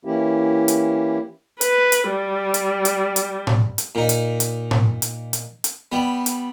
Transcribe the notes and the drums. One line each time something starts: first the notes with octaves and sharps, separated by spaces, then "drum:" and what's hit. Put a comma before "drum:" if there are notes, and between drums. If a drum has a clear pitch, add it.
E3 A#3 C#4 E4 G4
drum: hi-hat
B4, drum: hi-hat
drum: hi-hat
G3
drum: hi-hat
drum: hi-hat
drum: hi-hat
drum: tom A2
drum: hi-hat
A#2 D#4
drum: hi-hat
drum: hi-hat
drum: tom A2
drum: hi-hat
drum: hi-hat
drum: hi-hat
G3 B3
drum: hi-hat